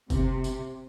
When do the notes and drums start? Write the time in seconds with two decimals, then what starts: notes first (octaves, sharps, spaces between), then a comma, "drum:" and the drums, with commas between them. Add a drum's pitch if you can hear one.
0.10 C3, drum: kick F#1, tambourine
0.44 drum: tambourine